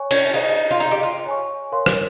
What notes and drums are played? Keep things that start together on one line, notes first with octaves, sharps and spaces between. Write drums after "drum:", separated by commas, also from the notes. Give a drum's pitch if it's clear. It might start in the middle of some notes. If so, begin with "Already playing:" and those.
Already playing: C#5 G#5 C#6
C#4, drum: cymbal
D#4 G#4 C5 F5
F4
D#4 G#4 D#5 A#5
G4
F4
C#5 G#5 C#6
A#4 C#5 F5 C6
drum: rim click